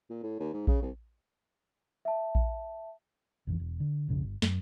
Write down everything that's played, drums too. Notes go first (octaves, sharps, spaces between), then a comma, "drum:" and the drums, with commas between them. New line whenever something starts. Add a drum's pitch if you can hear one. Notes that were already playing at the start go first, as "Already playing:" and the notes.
A#2
A2
D#2
G#2
C#3, drum: kick A#1
C2
E5 A5
drum: kick A#1
A#1 F2 E3
E1
D3
B1 F2 C#3
G1
F#2, drum: snare